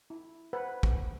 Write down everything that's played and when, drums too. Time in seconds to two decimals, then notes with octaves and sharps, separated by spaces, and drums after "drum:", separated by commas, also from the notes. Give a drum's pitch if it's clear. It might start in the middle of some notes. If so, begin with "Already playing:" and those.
0.10 E4
0.53 B4 C5 F#5
0.83 drum: kick